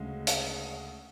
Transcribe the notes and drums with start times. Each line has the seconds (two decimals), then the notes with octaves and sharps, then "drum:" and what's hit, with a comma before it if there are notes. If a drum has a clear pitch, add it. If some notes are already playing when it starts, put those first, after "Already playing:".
Already playing: D2 C#3 G#3
0.27 drum: hi-hat